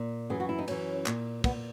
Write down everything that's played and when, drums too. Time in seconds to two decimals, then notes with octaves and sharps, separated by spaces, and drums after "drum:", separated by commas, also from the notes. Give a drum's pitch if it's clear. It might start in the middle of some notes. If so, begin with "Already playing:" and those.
Already playing: A#2
0.30 F#2 E3 G#4
0.40 F#4
0.49 E4
0.58 D#4
0.68 F#2 E3 C#4, drum: cymbal
1.06 A#2, drum: clap
1.44 A#2 B3, drum: kick, cymbal